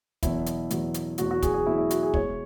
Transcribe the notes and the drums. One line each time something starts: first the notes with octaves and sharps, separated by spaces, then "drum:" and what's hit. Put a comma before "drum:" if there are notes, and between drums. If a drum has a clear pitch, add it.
E2 B2 F#3 E4, drum: kick, hi-hat
drum: hi-hat
E2 B2 F#3, drum: hi-hat
drum: hi-hat
E2 B2 F#3 F#4, drum: hi-hat
F#4
G#4, drum: kick, hi-hat
G#4
E2 B2 F#3 E4
E4
F#4, drum: hi-hat
G#4
B2 G#3 C#5, drum: kick